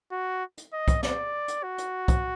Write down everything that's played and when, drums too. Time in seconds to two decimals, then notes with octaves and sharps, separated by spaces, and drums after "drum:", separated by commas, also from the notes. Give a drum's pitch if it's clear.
0.12 F#4
0.57 drum: hi-hat
0.73 D#5
0.88 drum: kick C2, hi-hat
1.03 D5, drum: snare
1.48 drum: hi-hat
1.63 F#4
1.78 drum: hi-hat
2.08 drum: kick C2, hi-hat